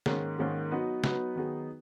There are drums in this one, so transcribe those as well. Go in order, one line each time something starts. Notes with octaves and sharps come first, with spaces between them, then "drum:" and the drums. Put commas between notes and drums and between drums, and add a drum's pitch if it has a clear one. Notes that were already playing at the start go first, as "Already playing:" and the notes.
G#2 D#3 A#3 C#4 G#4, drum: snare
G#2 D#3 A#3 C#4 G#4
F#3 B3 D#4 F#4 B4
F#3 B3 D#4 F#4 B4, drum: snare
D#3 F#3 B3 D#4 G#4